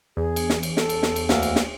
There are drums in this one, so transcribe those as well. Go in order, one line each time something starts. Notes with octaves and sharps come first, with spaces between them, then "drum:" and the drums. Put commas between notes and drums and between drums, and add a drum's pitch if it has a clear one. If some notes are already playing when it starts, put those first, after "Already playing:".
E2 G#4
drum: cymbal
drum: snare
drum: cymbal
A4, drum: snare
drum: cymbal
drum: snare
drum: cymbal
D2 A#3, drum: snare
drum: cymbal
drum: snare